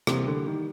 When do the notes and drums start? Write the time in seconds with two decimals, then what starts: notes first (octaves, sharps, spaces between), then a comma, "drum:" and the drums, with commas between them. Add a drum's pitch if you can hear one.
0.07 C3 E3 G3 A#3, drum: rim click
0.27 D3
0.47 D#3